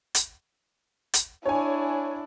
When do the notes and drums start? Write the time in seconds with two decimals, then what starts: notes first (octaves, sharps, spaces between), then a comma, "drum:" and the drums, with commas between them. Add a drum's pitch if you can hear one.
0.15 drum: hi-hat
1.14 drum: hi-hat
1.46 D4 E4 C#5 G#5